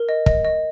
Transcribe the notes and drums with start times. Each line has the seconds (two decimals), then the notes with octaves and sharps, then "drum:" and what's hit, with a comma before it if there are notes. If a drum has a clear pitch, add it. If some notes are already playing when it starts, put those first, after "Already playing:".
Already playing: A#4
0.09 D#5
0.26 D#5, drum: kick
0.45 D#5